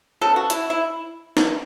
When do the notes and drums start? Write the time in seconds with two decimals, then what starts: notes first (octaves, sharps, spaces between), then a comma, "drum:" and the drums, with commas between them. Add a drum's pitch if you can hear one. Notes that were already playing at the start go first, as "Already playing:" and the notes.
0.21 C#3 F#3 B3 A4
0.36 F#4
0.50 E4, drum: hi-hat
0.70 E4
1.37 drum: snare